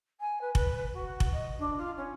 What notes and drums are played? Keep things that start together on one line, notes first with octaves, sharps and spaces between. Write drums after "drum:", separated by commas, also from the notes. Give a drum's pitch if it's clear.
G#5
B4
B4, drum: kick F1
F#4
drum: kick F1
D#5
D4
F4
C#4